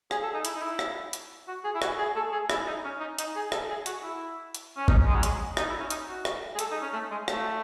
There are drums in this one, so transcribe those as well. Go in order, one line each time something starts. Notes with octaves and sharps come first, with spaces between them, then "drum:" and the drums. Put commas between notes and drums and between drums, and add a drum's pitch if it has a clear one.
G#4, drum: rim click
A4
D#4
E4, drum: hi-hat
D#4
E4
drum: rim click
drum: hi-hat
F#4
G#4
E4
F#4, drum: rim click
G#4
A4
G#4
E4, drum: rim click
D#4
C#4
D#4
D#4, drum: hi-hat
G#4
A4, drum: rim click
G#4
F#4, drum: hi-hat
E4
drum: hi-hat
C#4
D#4, drum: kick G#1
G#3
F#3
G#3, drum: hi-hat
D#4, drum: rim click
E4
C#4
D#4, drum: hi-hat
F#4
drum: rim click
G#4
A4, drum: hi-hat
D#4
C#4
A3
G#3
A3, drum: rim click